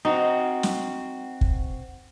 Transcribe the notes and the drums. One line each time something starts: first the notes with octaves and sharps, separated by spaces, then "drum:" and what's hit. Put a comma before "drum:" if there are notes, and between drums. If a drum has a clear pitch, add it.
C4 D#4 F#4
drum: snare
drum: kick